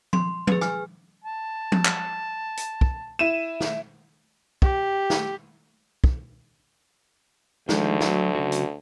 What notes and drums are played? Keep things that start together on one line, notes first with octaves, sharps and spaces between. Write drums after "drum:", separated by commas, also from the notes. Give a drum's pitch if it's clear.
C6, drum: tom F3
G#4 B4, drum: tom F3
G#5 F6, drum: rim click
A5
drum: tom F3
drum: clap
drum: hi-hat
drum: kick
E4 D#7 E7
drum: snare
G4, drum: kick
drum: snare
drum: kick
D2 D#3 F3 G#3, drum: snare
F#3, drum: snare
C#3 F#3 F#4
drum: hi-hat